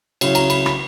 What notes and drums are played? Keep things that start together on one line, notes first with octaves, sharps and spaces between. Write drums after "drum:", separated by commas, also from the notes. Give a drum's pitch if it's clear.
C#3 F#3 C#4 E4, drum: cymbal
A#5, drum: cymbal
B5, drum: cymbal
B5, drum: rim click